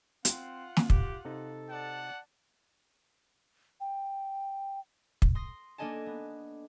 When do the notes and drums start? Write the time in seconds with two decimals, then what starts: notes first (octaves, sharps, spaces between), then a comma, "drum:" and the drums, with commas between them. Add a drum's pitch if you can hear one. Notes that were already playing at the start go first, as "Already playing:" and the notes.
0.25 C4 F4 F#5, drum: hi-hat
0.77 drum: snare
0.90 G4, drum: kick
1.25 C3 D#4 A4
1.70 D5 F#5 A5
3.80 G5
5.22 drum: kick
5.35 C6 D#6 A#6
5.78 A#3 D4 A4 D#5 G#5 A5
6.06 B3